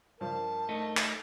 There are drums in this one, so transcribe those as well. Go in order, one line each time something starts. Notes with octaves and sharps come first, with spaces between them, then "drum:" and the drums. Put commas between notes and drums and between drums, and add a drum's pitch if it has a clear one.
G2 F3 A#4 A5
A3 D#4
drum: clap